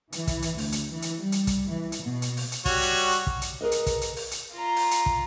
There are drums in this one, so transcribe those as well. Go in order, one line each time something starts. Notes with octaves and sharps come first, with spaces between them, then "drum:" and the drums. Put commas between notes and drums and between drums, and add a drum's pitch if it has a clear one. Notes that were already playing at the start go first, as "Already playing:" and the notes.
E3, drum: hi-hat
drum: kick, hi-hat
drum: hi-hat
D2, drum: open hi-hat
drum: hi-hat
E3
drum: hi-hat
G3
drum: hi-hat
drum: kick, hi-hat
E3
drum: hi-hat
B2
drum: hi-hat
drum: open hi-hat
drum: hi-hat
G3 F#4 C#5, drum: kick, hi-hat
drum: hi-hat
drum: open hi-hat
drum: hi-hat
drum: kick
drum: hi-hat
G#4 A#4 B4 D#5
drum: hi-hat
drum: kick, hi-hat
drum: hi-hat
drum: open hi-hat
drum: hi-hat
F4 A#5
drum: open hi-hat
drum: hi-hat
drum: kick